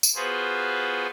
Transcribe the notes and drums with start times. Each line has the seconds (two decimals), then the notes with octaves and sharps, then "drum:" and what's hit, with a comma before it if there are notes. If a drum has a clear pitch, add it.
0.03 drum: tambourine
0.15 B3 F4 F#4 G#4 B4 C5